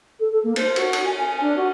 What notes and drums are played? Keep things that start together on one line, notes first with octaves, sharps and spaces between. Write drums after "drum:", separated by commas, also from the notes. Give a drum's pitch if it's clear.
A4
A4
A#3
C5, drum: cymbal
F#4, drum: cymbal
drum: cymbal
G#5
G#5
D4
F#4